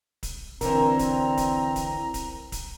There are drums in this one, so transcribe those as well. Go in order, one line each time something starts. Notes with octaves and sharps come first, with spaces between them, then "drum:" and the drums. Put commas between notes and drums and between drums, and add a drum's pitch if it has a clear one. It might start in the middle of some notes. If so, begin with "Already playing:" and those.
drum: kick, hi-hat
D3 E3 C4 A#4 C5 A#5, drum: kick, hi-hat
drum: kick, hi-hat
drum: kick, hi-hat
drum: kick, hi-hat
drum: kick, hi-hat
drum: kick, hi-hat